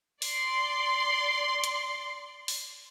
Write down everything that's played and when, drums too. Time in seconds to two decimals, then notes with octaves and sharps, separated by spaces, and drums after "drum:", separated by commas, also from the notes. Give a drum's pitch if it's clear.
0.22 D5 C6, drum: open hi-hat
1.64 drum: hi-hat
2.48 drum: open hi-hat